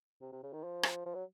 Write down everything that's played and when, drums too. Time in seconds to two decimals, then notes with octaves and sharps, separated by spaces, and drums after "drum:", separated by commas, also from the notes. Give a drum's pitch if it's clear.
0.21 C3
0.32 C3
0.43 C#3
0.53 D#3
0.64 F3
0.83 drum: rim click
1.06 F3
1.15 F#3